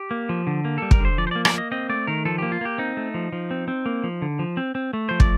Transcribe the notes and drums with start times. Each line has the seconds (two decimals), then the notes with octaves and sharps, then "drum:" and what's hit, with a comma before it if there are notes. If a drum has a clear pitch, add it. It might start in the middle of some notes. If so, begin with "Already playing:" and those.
Already playing: G4
0.11 A#3
0.29 F3
0.47 D3
0.65 A#3
0.78 G3 A4
0.91 A#4, drum: kick
1.00 D3 C5
1.18 F3 D5
1.27 C5
1.31 A#3 D5
1.45 D5, drum: rim click
1.54 A#3 D#5
1.72 C4 D#5
1.89 A3 D5
2.07 D#3 A#4
2.25 F3 A4
2.38 A#3 G4
2.52 F4
2.61 A#3 G4
2.78 C4 D#4
2.97 A3
3.14 F3
3.32 F3
3.51 C4
3.68 C4
3.86 A#3
4.04 F3
4.22 D3
4.39 F3
4.57 C4
4.75 C4
4.93 A3
5.09 F3 C5
5.20 D5, drum: kick